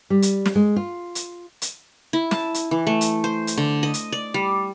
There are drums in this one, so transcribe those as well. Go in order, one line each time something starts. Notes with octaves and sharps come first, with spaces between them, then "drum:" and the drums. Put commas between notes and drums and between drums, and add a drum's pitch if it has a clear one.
G3
drum: hi-hat
drum: snare
G#3
F4
drum: hi-hat
drum: hi-hat
E4
A5, drum: snare
drum: hi-hat
E3
A3
drum: hi-hat
C5
drum: hi-hat
D3
D#5
drum: hi-hat
D5
G3